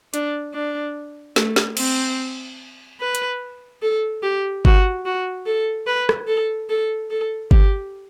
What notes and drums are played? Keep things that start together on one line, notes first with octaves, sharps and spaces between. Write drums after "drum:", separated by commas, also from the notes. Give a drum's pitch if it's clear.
D4, drum: hi-hat
D4
A3, drum: snare
drum: snare
C4, drum: cymbal
B4
drum: hi-hat
A4
G4
F#4, drum: kick G1
F#4
A4
B4
drum: rim click
A4
A4
A4
G4, drum: kick G1